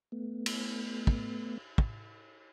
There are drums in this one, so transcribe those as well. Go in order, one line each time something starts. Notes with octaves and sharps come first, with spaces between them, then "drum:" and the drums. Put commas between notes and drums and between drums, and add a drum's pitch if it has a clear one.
A3 B3
drum: cymbal
drum: kick
drum: kick